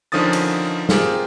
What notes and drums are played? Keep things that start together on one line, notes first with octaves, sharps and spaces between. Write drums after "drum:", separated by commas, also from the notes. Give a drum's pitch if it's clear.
D3 D#3 F3 C#4 D#6 A6
drum: cymbal
C4 F4 G4 G#4 A#4, drum: snare